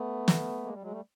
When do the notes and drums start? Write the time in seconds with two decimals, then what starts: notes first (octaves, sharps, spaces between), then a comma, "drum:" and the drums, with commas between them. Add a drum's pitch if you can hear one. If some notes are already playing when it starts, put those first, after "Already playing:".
Already playing: A3 B3
0.28 drum: snare
0.64 G#3 A#3
0.73 G3
0.82 F#3 G#3
0.91 G3 A3